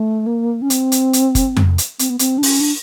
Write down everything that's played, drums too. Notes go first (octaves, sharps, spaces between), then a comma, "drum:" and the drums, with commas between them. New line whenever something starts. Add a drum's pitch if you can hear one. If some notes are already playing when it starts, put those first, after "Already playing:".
Already playing: A3
A#3
C#4
C4, drum: hi-hat
drum: hi-hat
drum: hi-hat
drum: kick F#1, hi-hat
drum: tom F2
drum: hi-hat
C4, drum: hi-hat
B3
C4, drum: hi-hat
D4
C#4, drum: open hi-hat
D4